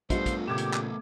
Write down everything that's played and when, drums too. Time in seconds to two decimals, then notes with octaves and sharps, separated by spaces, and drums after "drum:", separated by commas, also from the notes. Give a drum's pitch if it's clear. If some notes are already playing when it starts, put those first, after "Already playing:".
0.10 G3 A3 B3 D4 F4 C5, drum: kick, hi-hat
0.26 drum: kick, hi-hat
0.47 A#2 C#3 G4 D6 G#6 E7
0.58 drum: hi-hat
0.74 drum: clap